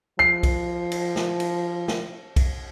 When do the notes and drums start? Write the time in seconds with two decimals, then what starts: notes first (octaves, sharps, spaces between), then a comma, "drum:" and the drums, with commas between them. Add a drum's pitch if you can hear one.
0.19 F3 C7
0.43 drum: kick B1, cymbal
0.92 drum: cymbal
1.16 drum: snare
1.40 drum: cymbal
1.88 drum: snare
2.36 drum: kick B1, cymbal